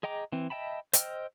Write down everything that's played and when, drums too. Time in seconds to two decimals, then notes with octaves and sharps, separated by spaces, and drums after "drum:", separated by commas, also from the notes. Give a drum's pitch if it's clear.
0.03 G#4 D#5 G5 A#5 D6
0.32 E3 C4
0.50 D#5 E5 G5 A5 B5
0.93 C5 D#5 G5 E6 F6, drum: hi-hat